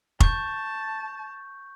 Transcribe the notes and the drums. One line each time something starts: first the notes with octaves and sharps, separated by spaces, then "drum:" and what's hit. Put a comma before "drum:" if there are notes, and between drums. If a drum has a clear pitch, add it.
A5 C#6 G6, drum: kick F1